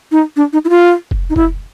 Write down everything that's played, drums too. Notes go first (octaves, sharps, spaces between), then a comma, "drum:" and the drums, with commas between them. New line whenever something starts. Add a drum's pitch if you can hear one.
D#4
D4
D#4
E4
F4
drum: kick F1
D#4
E4, drum: kick F1